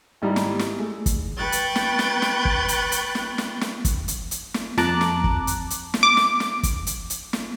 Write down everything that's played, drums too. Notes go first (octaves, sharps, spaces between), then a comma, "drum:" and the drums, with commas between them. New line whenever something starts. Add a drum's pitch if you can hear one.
G#1 G3 E4 A#5
drum: snare
drum: snare
G#3 A3
drum: kick, hi-hat
B4 G5 C#6 F#6 G6 A6
drum: hi-hat
drum: snare
drum: snare
drum: snare
drum: kick
drum: hi-hat
drum: hi-hat
drum: snare
drum: snare
drum: snare
drum: kick, hi-hat
drum: hi-hat
drum: hi-hat
drum: snare
F2 A5 A#5 D6 F#6, drum: snare
drum: snare
drum: kick
drum: hi-hat
drum: hi-hat
drum: snare
D6
drum: snare
drum: snare
drum: kick, hi-hat
drum: hi-hat
drum: hi-hat
drum: snare